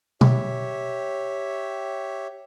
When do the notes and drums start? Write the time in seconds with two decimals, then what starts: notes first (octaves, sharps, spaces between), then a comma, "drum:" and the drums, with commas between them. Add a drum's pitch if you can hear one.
0.21 G4 C#5 E5, drum: tom B2